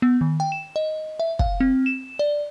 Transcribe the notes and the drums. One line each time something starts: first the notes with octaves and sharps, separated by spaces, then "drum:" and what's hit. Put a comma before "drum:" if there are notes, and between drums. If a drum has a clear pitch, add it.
B3
D#3
G5
E7
D#5
E5
F5, drum: kick
C4
E7
D5